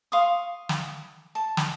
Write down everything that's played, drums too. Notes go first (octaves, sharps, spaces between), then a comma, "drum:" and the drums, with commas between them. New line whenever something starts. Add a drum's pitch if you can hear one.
F5 C6 C#6 D#6
drum: snare
A5
drum: snare